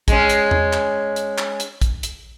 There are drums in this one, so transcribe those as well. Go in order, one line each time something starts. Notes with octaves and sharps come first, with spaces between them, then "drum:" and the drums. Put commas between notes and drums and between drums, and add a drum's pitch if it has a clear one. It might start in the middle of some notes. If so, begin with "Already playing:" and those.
G#3 C#4, drum: kick A#1, hi-hat
drum: hi-hat
drum: tom E2
drum: clap
drum: hi-hat
drum: clap
drum: hi-hat
drum: kick A#1, hi-hat
drum: hi-hat